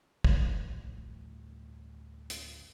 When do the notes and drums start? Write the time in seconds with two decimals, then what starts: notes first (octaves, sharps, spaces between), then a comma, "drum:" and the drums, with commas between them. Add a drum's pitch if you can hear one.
0.24 A1 D2 G2 F3, drum: kick
2.30 drum: hi-hat